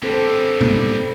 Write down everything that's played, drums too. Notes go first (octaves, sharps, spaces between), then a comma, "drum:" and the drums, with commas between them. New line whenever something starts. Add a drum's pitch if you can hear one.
D3 G3 C4 A4 C5
drum: tom